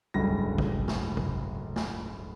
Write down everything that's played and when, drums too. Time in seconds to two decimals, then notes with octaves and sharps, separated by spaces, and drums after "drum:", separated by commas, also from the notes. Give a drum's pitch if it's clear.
0.14 D1 G1 C#2 C#3 G3 A#6
0.58 drum: kick
0.88 drum: snare
1.17 drum: kick
1.76 drum: snare